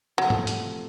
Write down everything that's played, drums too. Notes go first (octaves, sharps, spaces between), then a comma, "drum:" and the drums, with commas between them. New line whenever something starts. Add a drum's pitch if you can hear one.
C3 F3 F#3 A3
drum: tom G#2
drum: hi-hat